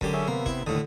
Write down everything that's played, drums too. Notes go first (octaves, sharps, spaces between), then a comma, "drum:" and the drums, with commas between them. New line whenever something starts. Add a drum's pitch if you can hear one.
F#2 D3 G4, drum: kick
C#4 G#4 E5
C3 A#3 B3
E4, drum: kick
D#2 A2 D3 D#6